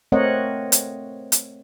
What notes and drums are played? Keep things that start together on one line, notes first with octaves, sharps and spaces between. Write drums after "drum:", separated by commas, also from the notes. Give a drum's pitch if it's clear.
A3 C4 A#4 C#5 D#5 F#5
drum: hi-hat
drum: hi-hat